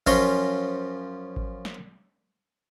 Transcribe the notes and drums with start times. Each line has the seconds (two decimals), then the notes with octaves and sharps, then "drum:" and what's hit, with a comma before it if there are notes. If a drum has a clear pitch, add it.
0.07 F#2 F3 C#4 A#5 C6 C#6, drum: kick G#1
1.36 drum: kick G#1
1.65 drum: snare